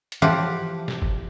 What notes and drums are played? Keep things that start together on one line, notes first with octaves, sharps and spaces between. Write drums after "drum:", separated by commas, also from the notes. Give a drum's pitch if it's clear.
drum: hi-hat
E3 F3 G4 F5 F#5 A5
drum: snare
drum: kick G1